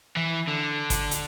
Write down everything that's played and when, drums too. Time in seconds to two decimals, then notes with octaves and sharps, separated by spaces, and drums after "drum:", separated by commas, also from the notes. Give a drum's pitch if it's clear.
0.17 E3
0.48 D3
0.90 drum: kick, hi-hat
1.11 drum: hi-hat